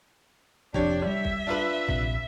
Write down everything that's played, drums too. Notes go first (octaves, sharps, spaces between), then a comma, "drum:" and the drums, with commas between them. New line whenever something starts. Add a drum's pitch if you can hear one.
F1 F2 D4 G4 C#5, drum: kick
G3 E5
drum: kick
D4 F4 B4
A#1 C3, drum: kick